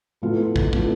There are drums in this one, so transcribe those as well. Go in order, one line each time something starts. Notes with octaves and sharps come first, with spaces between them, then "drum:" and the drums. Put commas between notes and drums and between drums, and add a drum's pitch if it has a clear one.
A2 F3 B3 F4 A4
drum: kick
A2 F3 B3 F4 A4, drum: kick